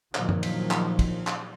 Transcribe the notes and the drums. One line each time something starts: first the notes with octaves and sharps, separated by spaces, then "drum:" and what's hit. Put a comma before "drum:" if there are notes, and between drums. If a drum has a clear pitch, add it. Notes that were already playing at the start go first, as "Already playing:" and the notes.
A#2 D#3 F3 F#3, drum: clap
drum: tom F#2
drum: cymbal
drum: clap
drum: kick, cymbal
drum: clap